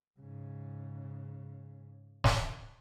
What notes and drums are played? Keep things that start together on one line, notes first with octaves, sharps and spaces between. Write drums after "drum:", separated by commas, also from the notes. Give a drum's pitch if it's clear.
G#2 C#3
drum: snare